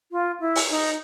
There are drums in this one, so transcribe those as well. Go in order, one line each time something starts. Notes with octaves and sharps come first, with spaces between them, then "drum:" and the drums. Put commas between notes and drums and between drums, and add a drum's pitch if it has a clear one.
F4
E4
drum: open hi-hat
D#4